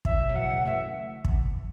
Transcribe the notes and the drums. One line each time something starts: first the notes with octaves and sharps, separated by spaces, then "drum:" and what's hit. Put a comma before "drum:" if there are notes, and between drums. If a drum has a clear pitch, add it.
A2 E5, drum: kick
F#2 B2
F#3
B2 E3 F#5
C#3 F#3
E3 A3 E5
drum: kick